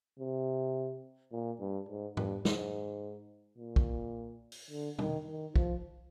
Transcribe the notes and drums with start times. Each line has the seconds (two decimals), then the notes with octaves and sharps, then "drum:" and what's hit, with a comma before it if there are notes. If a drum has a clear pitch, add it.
0.19 C3
1.32 A#2
1.60 G2
1.89 G#2
2.17 G2, drum: tom G#2
2.45 G#2, drum: snare
3.58 A#2
3.76 drum: kick
4.52 drum: open hi-hat
4.70 D3
4.99 D#3, drum: tom B2
5.27 D#3
5.56 F3, drum: kick